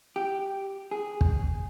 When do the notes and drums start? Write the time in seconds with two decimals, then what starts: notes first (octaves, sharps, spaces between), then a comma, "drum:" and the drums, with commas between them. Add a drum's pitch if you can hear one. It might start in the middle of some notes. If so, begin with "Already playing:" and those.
0.16 G4
0.91 G#4
1.21 drum: kick